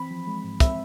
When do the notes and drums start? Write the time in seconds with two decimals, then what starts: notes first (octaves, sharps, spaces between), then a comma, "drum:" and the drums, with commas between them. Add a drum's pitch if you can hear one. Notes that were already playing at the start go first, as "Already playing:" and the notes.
Already playing: E3 C4 B5
0.11 F3
0.27 G#3
0.44 G#2
0.60 C4 E5, drum: kick, hi-hat